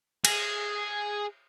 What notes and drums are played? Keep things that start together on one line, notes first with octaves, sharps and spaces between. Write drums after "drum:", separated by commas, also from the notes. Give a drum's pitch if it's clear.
G#4, drum: cymbal